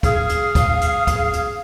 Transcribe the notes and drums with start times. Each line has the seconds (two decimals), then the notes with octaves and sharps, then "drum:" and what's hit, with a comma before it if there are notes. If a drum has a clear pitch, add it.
0.03 G#4 F5, drum: kick, hi-hat
0.29 drum: hi-hat
0.55 drum: kick, hi-hat
0.81 drum: hi-hat
1.07 drum: kick, hi-hat
1.33 drum: hi-hat